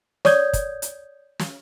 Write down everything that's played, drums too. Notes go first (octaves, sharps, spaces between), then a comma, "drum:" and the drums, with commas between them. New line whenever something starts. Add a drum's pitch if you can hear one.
C#5 D5 D#6 G6 G#6, drum: snare
drum: kick, hi-hat
drum: hi-hat
drum: snare